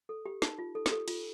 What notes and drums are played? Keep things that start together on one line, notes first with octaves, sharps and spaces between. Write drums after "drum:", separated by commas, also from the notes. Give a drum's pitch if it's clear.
A4
G4
D#4, drum: snare
F4
A4
G4, drum: snare
A4
F4, drum: cymbal